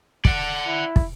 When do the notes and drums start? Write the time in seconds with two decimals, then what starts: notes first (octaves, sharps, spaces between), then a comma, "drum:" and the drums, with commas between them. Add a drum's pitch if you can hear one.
0.25 D5 F#5, drum: kick
0.67 E4
0.96 drum: kick